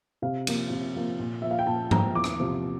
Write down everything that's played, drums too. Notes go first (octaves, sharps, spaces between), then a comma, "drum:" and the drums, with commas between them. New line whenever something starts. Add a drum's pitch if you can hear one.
C3 F5
F3 A#3, drum: cymbal
C3
F3 A#3
A#2
F3 A#3 E5
F5
G5
A#2 A5
F3 A#3 A#5, drum: tom G#2
E2 D6
drum: rim click
C3 F3